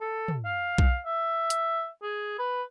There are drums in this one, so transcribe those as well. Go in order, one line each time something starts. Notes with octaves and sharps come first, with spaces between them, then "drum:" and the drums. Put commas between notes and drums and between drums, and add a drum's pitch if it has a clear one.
A4
drum: tom
F5
drum: kick B1
E5
drum: hi-hat
G#4
B4